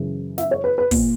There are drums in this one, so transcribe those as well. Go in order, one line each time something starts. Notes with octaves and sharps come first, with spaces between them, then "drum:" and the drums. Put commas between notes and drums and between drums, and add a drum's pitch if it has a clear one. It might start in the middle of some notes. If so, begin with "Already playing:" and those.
Already playing: F#2 C#3 E3
E5, drum: snare
C#5
B4
B4
A#2, drum: kick, open hi-hat